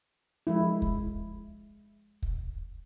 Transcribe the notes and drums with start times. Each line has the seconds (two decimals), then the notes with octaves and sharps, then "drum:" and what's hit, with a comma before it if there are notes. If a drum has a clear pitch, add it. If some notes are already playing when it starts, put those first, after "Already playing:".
0.47 F3 G#3 E4
0.82 drum: kick
2.23 drum: kick